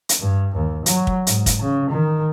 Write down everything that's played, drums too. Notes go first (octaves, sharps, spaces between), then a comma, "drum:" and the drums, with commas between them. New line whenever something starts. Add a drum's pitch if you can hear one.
drum: hi-hat
G2
D#2
F#3, drum: hi-hat
drum: kick
G#2, drum: hi-hat
drum: kick, hi-hat
C#3
D#3